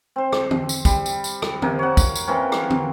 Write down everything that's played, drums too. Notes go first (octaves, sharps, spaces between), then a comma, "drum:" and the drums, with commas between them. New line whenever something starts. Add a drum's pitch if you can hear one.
C4 C5
drum: rim click
drum: tom
drum: tambourine
G3, drum: kick A#1, tambourine
drum: tambourine
drum: tambourine
drum: rim click
C3 A#3, drum: tom
C#5 F#5
drum: kick A#1, tambourine
drum: tambourine
E3 A#3 C4 C#4
drum: rim click
drum: tom